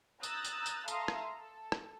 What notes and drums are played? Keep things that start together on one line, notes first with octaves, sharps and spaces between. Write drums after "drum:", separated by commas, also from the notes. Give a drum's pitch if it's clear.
A#5 D#6 E6 F#6 G6 A6, drum: tambourine
drum: tambourine
drum: tambourine
A4 E5 F5 A#5 C6 D#6, drum: tambourine
drum: rim click
A4
drum: rim click